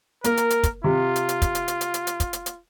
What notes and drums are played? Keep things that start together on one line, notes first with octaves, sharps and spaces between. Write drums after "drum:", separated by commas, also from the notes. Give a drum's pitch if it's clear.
A#3 A#4, drum: hi-hat
drum: hi-hat
drum: hi-hat
drum: kick, hi-hat
C3 F4
drum: hi-hat
drum: hi-hat
drum: kick, hi-hat
drum: hi-hat
drum: hi-hat
drum: hi-hat
drum: hi-hat
drum: hi-hat
drum: kick, hi-hat
drum: hi-hat
drum: hi-hat